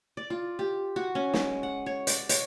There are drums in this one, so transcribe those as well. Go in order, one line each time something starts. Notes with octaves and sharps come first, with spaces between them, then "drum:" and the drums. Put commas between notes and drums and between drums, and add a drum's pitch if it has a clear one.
D5
F4
G4
F#4
C#4
G#3, drum: snare
F#5
C#5
D5, drum: hi-hat
C#5, drum: hi-hat